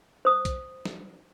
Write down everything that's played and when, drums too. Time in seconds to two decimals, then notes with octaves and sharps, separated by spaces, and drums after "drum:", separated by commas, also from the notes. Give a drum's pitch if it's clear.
0.25 C5 D#6
0.45 drum: kick B1, hi-hat
0.85 drum: snare